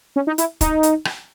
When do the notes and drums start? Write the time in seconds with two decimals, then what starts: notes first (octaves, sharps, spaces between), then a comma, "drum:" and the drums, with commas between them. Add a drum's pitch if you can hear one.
0.16 C#4
0.27 D#4
0.38 E4, drum: hi-hat
0.61 D#4, drum: kick, hi-hat
0.83 drum: hi-hat
1.05 drum: rim click